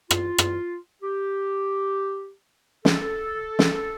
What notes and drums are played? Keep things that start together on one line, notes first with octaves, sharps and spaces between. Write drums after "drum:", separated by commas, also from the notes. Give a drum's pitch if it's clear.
F4, drum: rim click
drum: rim click
G4
A4, drum: snare
drum: snare